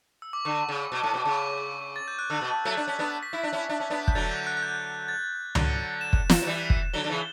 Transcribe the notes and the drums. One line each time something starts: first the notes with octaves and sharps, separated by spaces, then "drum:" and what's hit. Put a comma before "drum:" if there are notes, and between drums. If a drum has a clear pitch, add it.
E6
D6
D3 C#6
C#3
B2
A2
B2
C#3
C#6
D6
A6
G6
F#6
D3 E6
B2
F#3 A3
D4
C#4
B3 D4
B6
E4
D4
C#4 E4
D4
C#4
B3 D4
G6, drum: kick
D3 F#3 A6
G6
F#6
F#6
G6
A6
D3 F#3, drum: tom C#2
E7
drum: kick
drum: snare
F#3
E3 G3
drum: kick
D3 F#3 G7
D3
C#3 E3